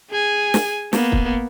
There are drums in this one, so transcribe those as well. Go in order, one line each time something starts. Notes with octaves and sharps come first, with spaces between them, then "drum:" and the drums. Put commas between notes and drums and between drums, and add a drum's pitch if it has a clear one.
G#4 G#5
drum: snare
A#3 B3, drum: snare
drum: kick